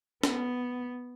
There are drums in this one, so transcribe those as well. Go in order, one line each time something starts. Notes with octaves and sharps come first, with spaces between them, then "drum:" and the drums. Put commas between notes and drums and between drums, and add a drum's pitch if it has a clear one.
B3, drum: snare